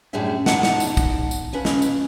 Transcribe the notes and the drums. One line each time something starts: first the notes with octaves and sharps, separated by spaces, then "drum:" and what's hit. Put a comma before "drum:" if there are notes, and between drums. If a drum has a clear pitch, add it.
F#2 A2 D3 G3 G#4 E5
E2 D#4 F#5 A5, drum: snare
drum: snare
drum: tambourine
drum: kick, tambourine
drum: tambourine
F3 C#4 B4
drum: snare
drum: tambourine